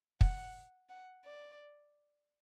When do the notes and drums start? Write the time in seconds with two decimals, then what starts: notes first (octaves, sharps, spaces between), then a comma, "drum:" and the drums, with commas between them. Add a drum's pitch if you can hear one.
0.21 F#5, drum: kick
0.89 F#5
1.24 D5